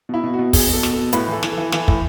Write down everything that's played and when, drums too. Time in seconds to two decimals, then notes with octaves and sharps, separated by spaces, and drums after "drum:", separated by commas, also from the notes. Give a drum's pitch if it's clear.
0.09 B2 E4
0.23 B2
0.34 F#4
0.39 B2
0.53 B2 G#4, drum: kick, open hi-hat
0.69 B2 A4
0.83 B2, drum: snare
0.93 A4
0.99 B2
1.13 A2 B4, drum: hi-hat
1.28 E3
1.33 A4
1.43 E3, drum: snare
1.52 A4
1.58 E3
1.72 E3 A4, drum: snare
1.88 A2, drum: kick